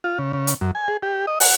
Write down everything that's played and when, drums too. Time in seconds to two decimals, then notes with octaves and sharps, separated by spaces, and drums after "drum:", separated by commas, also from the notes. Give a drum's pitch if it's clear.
0.04 F4
0.19 C#3
0.33 C#3
0.47 drum: hi-hat
0.61 F#2
0.75 G#5
0.88 G#4
1.03 G4
1.27 D#5
1.40 F#5, drum: open hi-hat